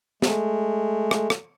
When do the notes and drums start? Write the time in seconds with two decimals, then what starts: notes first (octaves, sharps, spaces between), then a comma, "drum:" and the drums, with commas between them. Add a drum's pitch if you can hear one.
0.22 G#3 A3, drum: snare
1.11 drum: rim click
1.30 drum: rim click